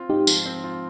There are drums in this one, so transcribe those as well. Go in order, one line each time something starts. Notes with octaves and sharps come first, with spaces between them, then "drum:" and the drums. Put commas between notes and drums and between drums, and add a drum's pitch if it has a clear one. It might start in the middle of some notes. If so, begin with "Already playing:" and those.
Already playing: C4 F4
G#2 D#4 G4
F3, drum: tambourine
C4
F4